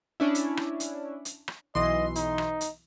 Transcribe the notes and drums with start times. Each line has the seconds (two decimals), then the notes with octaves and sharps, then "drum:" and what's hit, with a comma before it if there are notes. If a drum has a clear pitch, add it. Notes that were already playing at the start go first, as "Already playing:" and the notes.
0.20 C#4 D4 E4
0.35 drum: hi-hat
0.57 drum: rim click
0.80 drum: hi-hat
1.25 drum: hi-hat
1.48 drum: rim click
1.75 B1 E3 D#5 C6
2.15 D#4, drum: hi-hat
2.38 drum: rim click
2.61 drum: hi-hat